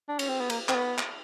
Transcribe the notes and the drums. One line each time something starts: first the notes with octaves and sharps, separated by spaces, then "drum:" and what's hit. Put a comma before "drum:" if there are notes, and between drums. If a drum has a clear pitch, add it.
D4
C#4, drum: cymbal
C4
B3
A#3, drum: cymbal
C4, drum: clap
B3
drum: clap